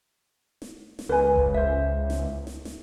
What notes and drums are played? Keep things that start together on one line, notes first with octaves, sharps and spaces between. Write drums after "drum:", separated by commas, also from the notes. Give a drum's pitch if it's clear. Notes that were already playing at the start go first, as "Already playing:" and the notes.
drum: snare
drum: snare
C#2 B4 G#5
drum: kick F1
C5 E5
drum: snare
drum: snare
drum: snare